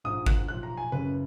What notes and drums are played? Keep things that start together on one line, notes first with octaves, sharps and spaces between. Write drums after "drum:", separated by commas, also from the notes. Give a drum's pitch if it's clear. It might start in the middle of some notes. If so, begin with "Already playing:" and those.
A#1 G#2 F3 D#6
F#6, drum: kick G#1
B1 A#2 F3 F#6
A#5
G#5
F#1 F#2 C#3 B4